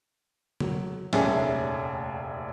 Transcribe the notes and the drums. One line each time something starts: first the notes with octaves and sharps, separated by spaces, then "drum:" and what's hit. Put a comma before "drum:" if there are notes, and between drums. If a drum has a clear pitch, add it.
F#3, drum: tom
F1 A#1 D#2 A3 C#4 G#4, drum: snare